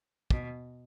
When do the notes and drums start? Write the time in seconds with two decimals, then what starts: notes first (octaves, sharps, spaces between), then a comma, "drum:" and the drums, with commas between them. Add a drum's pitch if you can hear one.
0.30 B2, drum: kick